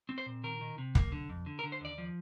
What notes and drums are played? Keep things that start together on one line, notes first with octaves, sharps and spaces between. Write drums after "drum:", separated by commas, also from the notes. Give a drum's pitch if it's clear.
C4
C5
A#2
D#3 A#4
D#3
C3
A#3, drum: kick
D3
F2
D3
A#4
D3
C5
D#2 D5
F3